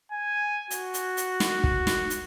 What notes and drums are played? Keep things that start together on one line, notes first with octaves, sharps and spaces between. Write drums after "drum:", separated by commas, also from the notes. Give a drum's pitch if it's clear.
G#5
F#4, drum: hi-hat
drum: hi-hat
drum: hi-hat
drum: snare
drum: kick
drum: snare
drum: hi-hat